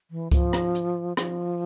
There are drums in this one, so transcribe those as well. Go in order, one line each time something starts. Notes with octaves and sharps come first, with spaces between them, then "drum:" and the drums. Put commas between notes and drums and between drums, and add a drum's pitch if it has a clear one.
E3
F3, drum: kick C#2, hi-hat
drum: rim click
drum: hi-hat
F3, drum: rim click